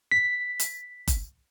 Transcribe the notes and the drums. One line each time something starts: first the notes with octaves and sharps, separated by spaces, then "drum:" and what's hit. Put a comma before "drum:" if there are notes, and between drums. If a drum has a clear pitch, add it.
B6
drum: hi-hat
drum: kick F#1, hi-hat